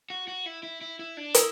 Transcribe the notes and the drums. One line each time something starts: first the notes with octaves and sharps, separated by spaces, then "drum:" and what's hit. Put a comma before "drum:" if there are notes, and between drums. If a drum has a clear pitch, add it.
F#4
F#4
E4
E4
E4
E4
D4
E4, drum: hi-hat